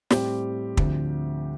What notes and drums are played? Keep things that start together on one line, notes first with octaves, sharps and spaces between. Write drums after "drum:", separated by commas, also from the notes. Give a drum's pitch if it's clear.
A2 G3 C4 G4, drum: snare
D2 D3 F3 C4, drum: kick